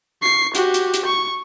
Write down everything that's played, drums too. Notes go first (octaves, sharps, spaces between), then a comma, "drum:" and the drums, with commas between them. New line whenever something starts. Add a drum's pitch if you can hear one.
C#6 C7
F#4 G4, drum: hi-hat
drum: hi-hat
drum: hi-hat
C#6